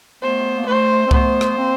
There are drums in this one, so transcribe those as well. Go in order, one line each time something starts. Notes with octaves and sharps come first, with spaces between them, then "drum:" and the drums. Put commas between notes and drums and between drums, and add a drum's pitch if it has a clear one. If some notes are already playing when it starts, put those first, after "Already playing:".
A3 B3 C5
A#3
A3 C5
C4
A3 B3 C5, drum: kick C2
drum: rim click
A#3 C4